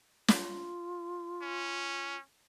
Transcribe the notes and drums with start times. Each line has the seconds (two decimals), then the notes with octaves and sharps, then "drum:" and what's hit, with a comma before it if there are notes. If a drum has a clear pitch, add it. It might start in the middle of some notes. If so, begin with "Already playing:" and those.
0.28 F4, drum: snare
1.42 C#4